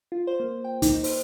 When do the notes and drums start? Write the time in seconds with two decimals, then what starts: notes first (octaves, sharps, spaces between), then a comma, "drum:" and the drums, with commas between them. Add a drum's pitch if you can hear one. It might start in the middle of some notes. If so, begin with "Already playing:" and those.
0.12 F4
0.27 C5
0.40 A#3
0.65 G5
0.82 D#4, drum: kick, hi-hat
1.04 C5, drum: open hi-hat